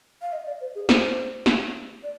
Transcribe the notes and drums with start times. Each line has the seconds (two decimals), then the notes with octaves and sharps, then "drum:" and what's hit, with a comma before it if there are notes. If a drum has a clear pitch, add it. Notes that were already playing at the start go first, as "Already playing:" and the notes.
0.22 F5
0.32 D#5
0.46 D5
0.61 C5
0.75 G#4
0.89 C5, drum: snare
1.46 drum: snare
2.03 D5